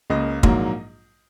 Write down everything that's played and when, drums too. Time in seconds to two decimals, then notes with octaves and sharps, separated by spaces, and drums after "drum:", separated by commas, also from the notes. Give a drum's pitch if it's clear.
0.10 C#2 C#3 A#3 D#5
0.43 A#1 G#2 F#3 A#3, drum: kick